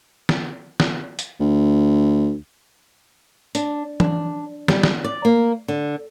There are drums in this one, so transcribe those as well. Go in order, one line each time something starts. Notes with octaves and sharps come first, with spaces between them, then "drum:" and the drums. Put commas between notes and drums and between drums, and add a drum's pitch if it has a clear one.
drum: snare
drum: snare
drum: hi-hat
D2
D4, drum: hi-hat
D4, drum: tom E3
G3, drum: snare
drum: snare
D5
A#3
D3